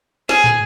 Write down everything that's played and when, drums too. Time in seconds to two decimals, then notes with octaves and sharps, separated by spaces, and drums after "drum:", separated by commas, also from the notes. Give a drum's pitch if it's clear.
0.29 G#4, drum: snare
0.44 drum: tom